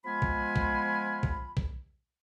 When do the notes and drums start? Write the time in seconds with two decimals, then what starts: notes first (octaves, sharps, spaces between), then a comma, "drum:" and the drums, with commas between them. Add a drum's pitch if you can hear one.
0.05 F3 G#3 B3 F4 G#5 B5
0.22 drum: kick B1
0.56 drum: kick B1
1.23 drum: kick B1
1.57 drum: kick B1